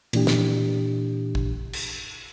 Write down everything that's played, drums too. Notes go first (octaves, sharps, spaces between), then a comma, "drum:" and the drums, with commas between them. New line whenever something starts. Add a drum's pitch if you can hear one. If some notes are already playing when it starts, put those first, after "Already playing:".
A#2 E3 D4 G4, drum: cymbal
drum: snare
drum: kick
drum: cymbal